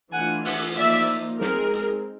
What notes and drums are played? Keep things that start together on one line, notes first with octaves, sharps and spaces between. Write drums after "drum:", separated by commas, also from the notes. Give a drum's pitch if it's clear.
E3 A3 D4 F4 F#5 G#5
E5 F#5, drum: open hi-hat
F3 A#3 D#4 D5 E5
G#3 C4 D#4 G#4 A#4, drum: snare
drum: hi-hat